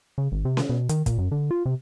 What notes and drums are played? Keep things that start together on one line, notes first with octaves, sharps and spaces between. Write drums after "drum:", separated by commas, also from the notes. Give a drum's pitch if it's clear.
C#3
G#1
C3
drum: snare C#4
B2
D#3, drum: hi-hat
A#2, drum: kick, hi-hat
F#2
D3
F4
C3